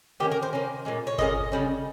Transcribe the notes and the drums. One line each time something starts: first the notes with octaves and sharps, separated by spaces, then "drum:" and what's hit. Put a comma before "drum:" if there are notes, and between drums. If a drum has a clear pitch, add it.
D#3 A#3 C#4 G4
A#4
C5
D#3 A#3 C#4
A#2 G#3 C#4
C#5
A#2 G#3 C#4 D#5, drum: kick G1
C#3 G3 C#4